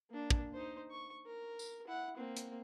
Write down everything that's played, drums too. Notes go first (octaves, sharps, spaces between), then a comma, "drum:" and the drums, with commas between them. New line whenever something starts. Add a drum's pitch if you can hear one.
A#3 D4
drum: kick
D#4 C5
C#6
A#4
drum: tambourine
E4 F#5
A#3 C4
drum: hi-hat